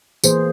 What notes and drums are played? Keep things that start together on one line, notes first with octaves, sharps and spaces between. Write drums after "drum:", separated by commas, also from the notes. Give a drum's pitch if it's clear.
E3 A#3 G#4 C5, drum: tambourine